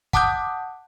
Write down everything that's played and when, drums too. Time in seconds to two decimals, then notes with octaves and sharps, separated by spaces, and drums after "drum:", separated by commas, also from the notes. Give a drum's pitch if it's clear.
0.13 F#5 A5 D6 D#6 F#6 G6, drum: kick